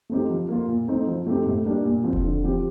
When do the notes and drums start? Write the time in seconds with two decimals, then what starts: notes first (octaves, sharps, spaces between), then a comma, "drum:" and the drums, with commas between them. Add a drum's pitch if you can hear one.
0.10 A3 C4 D#4 G4
0.30 F3
0.49 A#3 F4
0.68 A#2
0.88 A3 C4 D#4
1.07 F3
1.27 A3 C4 D#4 G4
1.46 A2
1.65 G3 A#3 D4 G4
1.85 A#2
2.04 F3 C4
2.13 drum: kick E1
2.23 D3
2.44 F3 C4 G4